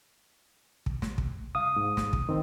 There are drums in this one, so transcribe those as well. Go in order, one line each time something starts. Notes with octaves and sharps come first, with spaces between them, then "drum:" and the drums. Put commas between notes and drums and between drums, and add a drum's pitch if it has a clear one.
drum: kick
drum: snare
drum: kick
C2 F5 D#6
G#2
drum: snare
drum: kick
D#3 C4